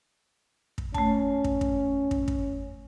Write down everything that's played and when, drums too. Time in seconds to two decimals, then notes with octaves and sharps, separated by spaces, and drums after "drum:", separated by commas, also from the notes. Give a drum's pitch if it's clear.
0.78 drum: kick
0.94 A3 C#4 A5, drum: kick
1.44 drum: kick
1.61 drum: kick
2.11 drum: kick
2.28 drum: kick